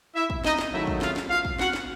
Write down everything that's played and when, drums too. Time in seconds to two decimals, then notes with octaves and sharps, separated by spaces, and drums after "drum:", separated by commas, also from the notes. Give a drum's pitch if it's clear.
0.15 E4 E5
0.30 drum: kick
0.44 D#4 D#5, drum: snare
0.58 drum: snare
0.72 G#2 D#3 F#3 A3 E4 E5
0.87 drum: kick
1.01 F4 F5, drum: snare
1.16 drum: snare
1.30 F4 F5
1.45 drum: kick
1.59 F#4 F#5, drum: snare
1.73 drum: snare